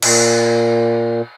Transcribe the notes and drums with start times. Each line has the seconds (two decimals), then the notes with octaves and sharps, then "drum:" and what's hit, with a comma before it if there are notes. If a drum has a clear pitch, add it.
0.03 A#2, drum: cymbal